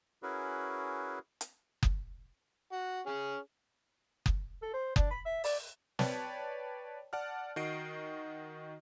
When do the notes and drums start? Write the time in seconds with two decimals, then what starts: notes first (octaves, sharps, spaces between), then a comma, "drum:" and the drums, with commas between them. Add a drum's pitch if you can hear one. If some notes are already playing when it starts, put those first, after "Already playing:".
0.23 C#4 E4 F#4 G#4 A#4 B4
1.41 drum: hi-hat
1.83 drum: kick F#1
2.72 F#4
3.06 C#4 G#4
4.26 drum: kick F#1
4.62 A4
4.74 C5
4.96 D4, drum: kick F#1
5.10 B5
5.26 E5
5.44 D5, drum: open hi-hat
5.99 B4 C#5 D5 G5 A5, drum: snare
7.13 D5 F#5 A5 F6
7.56 D#3 F#4 D#5 C7 D7